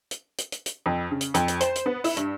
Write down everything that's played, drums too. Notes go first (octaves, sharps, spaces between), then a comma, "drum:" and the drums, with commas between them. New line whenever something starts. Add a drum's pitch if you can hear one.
drum: hi-hat
drum: hi-hat
drum: hi-hat
drum: hi-hat
F2
C#3
drum: hi-hat
F2, drum: hi-hat
drum: hi-hat
C5, drum: hi-hat
drum: hi-hat
B3
E4, drum: open hi-hat
G2, drum: hi-hat